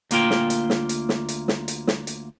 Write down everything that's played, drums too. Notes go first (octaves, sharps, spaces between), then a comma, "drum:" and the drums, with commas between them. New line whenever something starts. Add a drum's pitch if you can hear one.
D2 A#3 F4 G5, drum: hi-hat
drum: snare
drum: hi-hat
drum: snare
drum: hi-hat
drum: snare
drum: hi-hat
drum: snare
drum: hi-hat
drum: snare
drum: hi-hat